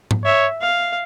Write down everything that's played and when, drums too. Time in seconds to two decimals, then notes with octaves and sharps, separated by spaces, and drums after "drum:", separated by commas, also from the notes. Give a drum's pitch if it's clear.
0.11 drum: tom G#2
0.25 C#5 E5
0.61 F5